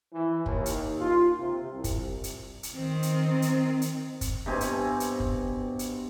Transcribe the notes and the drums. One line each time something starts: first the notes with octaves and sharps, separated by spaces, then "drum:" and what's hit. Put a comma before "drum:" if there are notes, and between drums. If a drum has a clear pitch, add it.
E3
D#2, drum: kick
drum: hi-hat
F4
C3
C2
drum: kick, hi-hat
drum: hi-hat
drum: hi-hat
D#3 C4
drum: hi-hat
drum: hi-hat
drum: hi-hat
drum: kick, hi-hat
G2 B2 C4 G#5
drum: hi-hat
drum: hi-hat
drum: kick
drum: hi-hat